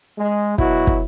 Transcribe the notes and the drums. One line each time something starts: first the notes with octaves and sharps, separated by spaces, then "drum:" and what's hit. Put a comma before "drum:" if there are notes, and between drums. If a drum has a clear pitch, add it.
G#3
B2 F#3 E4 F#4, drum: kick
drum: kick